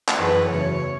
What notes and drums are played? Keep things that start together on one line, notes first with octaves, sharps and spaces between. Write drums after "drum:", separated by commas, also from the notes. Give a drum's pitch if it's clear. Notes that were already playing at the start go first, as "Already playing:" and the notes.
drum: clap
F#2 C#3 E3 B4
E2 C#3 F#3 A3 C#5